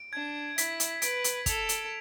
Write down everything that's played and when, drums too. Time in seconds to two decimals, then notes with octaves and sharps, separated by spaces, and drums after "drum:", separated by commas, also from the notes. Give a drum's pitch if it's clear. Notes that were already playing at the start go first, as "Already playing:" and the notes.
Already playing: D7
0.13 D4 G#6
0.58 E4 B6, drum: hi-hat
0.80 drum: hi-hat
1.02 B4 D7, drum: hi-hat
1.24 drum: hi-hat
1.46 A4 F7, drum: kick, hi-hat
1.69 drum: hi-hat